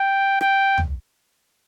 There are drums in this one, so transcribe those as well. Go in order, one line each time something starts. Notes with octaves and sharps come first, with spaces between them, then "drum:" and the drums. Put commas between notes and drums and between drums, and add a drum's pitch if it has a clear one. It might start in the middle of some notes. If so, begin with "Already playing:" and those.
Already playing: G5
G5, drum: rim click
drum: tom